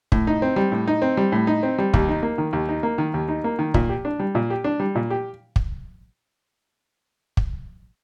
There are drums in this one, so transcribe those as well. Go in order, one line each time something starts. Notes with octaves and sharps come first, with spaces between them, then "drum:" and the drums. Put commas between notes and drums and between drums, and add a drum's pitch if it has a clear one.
A2, drum: kick
D#4
C4
G3
A2
D#4
C4
G3
A2
D#4
C4
G3
D#2, drum: kick
D#4
A#3
D#3
D#2
D#4
A#3
D#3
D#2
D#4
A#3
D#3
A#2, drum: kick
G4
D4
G3
A#2
G4
D4
G3
A#2
G4
drum: kick
drum: kick